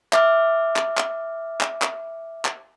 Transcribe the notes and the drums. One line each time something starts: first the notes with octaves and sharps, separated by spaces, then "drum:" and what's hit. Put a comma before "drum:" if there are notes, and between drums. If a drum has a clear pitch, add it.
E5 D6 F6, drum: clap
drum: clap
drum: clap
drum: clap
drum: clap
drum: clap